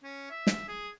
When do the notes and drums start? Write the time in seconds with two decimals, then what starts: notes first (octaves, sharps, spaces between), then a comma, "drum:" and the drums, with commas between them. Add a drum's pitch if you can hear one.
0.04 C#4
0.30 E5
0.47 drum: snare
0.68 G#4